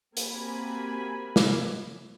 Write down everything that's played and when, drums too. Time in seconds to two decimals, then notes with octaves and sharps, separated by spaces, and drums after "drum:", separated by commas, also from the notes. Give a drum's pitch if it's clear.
0.17 A#3 C4 F#4 G4 G#5 B5, drum: hi-hat
1.36 drum: snare